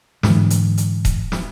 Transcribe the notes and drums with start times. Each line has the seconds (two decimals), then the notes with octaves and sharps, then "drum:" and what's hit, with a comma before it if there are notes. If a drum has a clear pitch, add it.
0.23 G#2 D3 E3 F#3, drum: snare
0.50 drum: hi-hat
0.78 drum: hi-hat
1.05 drum: kick D#1, hi-hat
1.32 drum: snare